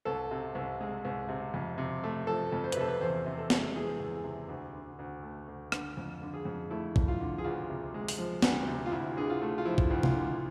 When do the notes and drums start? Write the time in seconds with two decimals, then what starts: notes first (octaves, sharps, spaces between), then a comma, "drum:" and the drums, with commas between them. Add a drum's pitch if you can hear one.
0.05 C2 A4
0.31 C3
0.55 C2
0.80 G#3
1.05 C2
1.29 C3
1.54 F2
1.78 C3
2.04 A3
2.27 F3 A4
2.52 F2
2.64 C5
2.72 B4, drum: hi-hat
2.77 C3 A4
2.88 B4
3.01 E2 C5
3.26 C3
3.38 A4
3.50 G#3, drum: snare
3.75 E3 G#4
4.00 E2
4.24 C3
4.48 D2
4.73 D3
4.99 D2
5.23 A3
5.48 D2
5.72 D3, drum: rim click
5.97 F2
6.22 D3
6.34 G#4
6.45 F2
6.70 A3 E4
6.96 F2, drum: kick
7.08 F4
7.20 D3
7.38 G#4
7.44 D2 F4
7.69 C3
7.94 G#3
8.08 drum: open hi-hat
8.18 F3
8.42 D2, drum: snare
8.68 C3
8.86 F4
8.92 D2 E4
9.17 D3 G#4
9.30 F4
9.42 A3
9.58 F4
9.65 F3 E4
9.78 drum: kick
9.90 D2
10.03 F4, drum: tom C3
10.15 D3